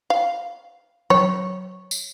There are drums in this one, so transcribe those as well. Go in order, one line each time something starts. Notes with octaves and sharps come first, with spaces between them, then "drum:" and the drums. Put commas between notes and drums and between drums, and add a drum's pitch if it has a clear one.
F5
C#5, drum: tom F#3
drum: tambourine